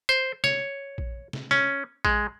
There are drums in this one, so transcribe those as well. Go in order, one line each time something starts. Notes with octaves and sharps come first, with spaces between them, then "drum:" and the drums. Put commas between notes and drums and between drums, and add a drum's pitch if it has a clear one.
C5
C#5, drum: snare
drum: kick A#1
drum: snare
C#4, drum: snare
G#3, drum: kick A#1